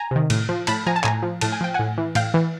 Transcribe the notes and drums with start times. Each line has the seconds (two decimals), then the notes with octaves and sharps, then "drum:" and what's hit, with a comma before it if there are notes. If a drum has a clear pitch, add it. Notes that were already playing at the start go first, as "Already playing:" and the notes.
Already playing: G#5 A#5
0.11 C3 D#3
0.30 A2, drum: cymbal
0.49 F3
0.67 A2 A5 B5, drum: cymbal
0.87 F3 G#5 A#5
0.96 A5
1.04 A2 G#5 A#5, drum: clap
1.23 F3
1.41 A2 A5, drum: cymbal
1.52 G#5
1.61 F3 G5
1.74 A2 F#5 G#5
1.98 E3
2.15 A2 F5 G5, drum: cymbal
2.34 E3